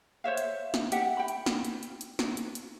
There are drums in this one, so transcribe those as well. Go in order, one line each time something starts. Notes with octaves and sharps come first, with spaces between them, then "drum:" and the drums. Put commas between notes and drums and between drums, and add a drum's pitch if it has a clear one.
C5 C#5 E5 F5
drum: hi-hat
drum: snare
G4 E5 F#5, drum: hi-hat
G5 B5
drum: hi-hat
drum: snare
drum: hi-hat
drum: hi-hat
drum: hi-hat
drum: snare
drum: hi-hat
drum: hi-hat